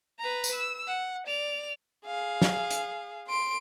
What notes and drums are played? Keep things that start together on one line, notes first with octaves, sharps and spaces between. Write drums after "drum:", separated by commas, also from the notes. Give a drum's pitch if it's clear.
B4 A#5
drum: tambourine
E6
F#5
D5 F7
G#4 F5
drum: snare
drum: hi-hat
C6 D7